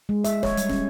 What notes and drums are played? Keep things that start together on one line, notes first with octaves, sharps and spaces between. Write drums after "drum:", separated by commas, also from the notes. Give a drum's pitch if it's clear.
G#3
E5, drum: hi-hat
C#5, drum: snare
G3, drum: hi-hat
C#4, drum: snare